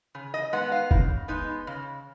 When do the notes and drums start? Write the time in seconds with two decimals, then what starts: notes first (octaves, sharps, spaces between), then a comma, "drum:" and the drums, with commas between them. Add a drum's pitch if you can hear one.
0.15 C#3
0.34 D#5
0.53 G#3 B3 D#4 F#5
0.72 F5
0.91 C#3, drum: kick
1.28 G#3 B3 D#4
1.67 C#3